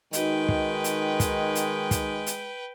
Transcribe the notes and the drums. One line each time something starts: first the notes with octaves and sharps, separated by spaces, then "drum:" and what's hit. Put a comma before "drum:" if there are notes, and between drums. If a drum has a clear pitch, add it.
D#3 G#3 D#4 F#4 B4 D#5 G5, drum: hi-hat
drum: kick
drum: hi-hat
drum: kick, hi-hat
drum: hi-hat
drum: kick, hi-hat
drum: hi-hat